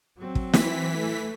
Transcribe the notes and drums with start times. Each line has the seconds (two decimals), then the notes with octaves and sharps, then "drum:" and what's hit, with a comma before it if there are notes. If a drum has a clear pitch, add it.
0.18 F#3 C4
0.35 drum: kick
0.54 E3 B6, drum: snare
0.98 A3